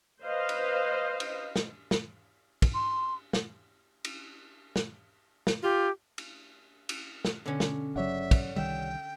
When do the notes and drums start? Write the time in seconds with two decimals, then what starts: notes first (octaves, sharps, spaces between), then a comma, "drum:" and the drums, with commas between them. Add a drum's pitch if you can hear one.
0.22 B4 C5 D#5 F5
0.49 drum: cymbal
1.20 drum: cymbal
1.56 drum: snare
1.91 drum: snare
2.62 drum: kick, cymbal
2.74 C6
3.33 drum: snare
4.05 drum: cymbal
4.76 drum: snare
5.47 drum: snare
5.63 F4 G4
6.18 drum: cymbal
6.89 drum: cymbal
7.25 drum: snare
7.46 B2 D3 C#4
7.60 drum: snare
7.96 G1 C#3 F#3 C#5 D5 E5 F#5
8.31 drum: kick, cymbal
8.56 C2 D#3 G3 E5 G5